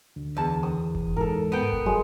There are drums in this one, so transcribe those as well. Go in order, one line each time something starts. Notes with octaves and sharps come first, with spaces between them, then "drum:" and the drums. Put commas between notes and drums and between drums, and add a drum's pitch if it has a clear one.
D2
E2 A5
D#6
drum: kick F1
G#2 A4 A#4
B3 G5
drum: kick F1
F#3 G#3